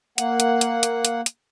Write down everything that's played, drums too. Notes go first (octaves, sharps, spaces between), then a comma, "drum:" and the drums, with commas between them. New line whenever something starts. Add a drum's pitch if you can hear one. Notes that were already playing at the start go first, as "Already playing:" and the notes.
A#3 F#5, drum: hi-hat
drum: hi-hat
drum: hi-hat
drum: hi-hat
drum: hi-hat
drum: hi-hat